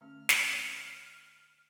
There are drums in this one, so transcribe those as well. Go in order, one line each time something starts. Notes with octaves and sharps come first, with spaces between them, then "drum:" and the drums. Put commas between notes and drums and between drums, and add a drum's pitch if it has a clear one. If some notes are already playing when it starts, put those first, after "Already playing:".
D3 A3 C#4 F6
drum: snare